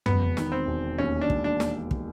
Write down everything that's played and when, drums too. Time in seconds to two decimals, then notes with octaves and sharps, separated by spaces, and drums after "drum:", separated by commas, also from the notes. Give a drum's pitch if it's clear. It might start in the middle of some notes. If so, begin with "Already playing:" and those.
0.06 E1 B3, drum: tom
0.37 D#3, drum: snare
0.52 C4
0.67 E1
0.98 D#2 C#4
1.21 D4
1.30 E1, drum: kick
1.44 D4
1.60 drum: snare
1.91 drum: kick